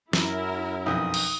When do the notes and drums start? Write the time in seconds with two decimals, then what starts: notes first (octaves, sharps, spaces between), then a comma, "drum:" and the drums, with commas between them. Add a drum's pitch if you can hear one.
0.13 F#2 E4 A#4, drum: snare
0.86 B1 F2 D#6
1.14 drum: cymbal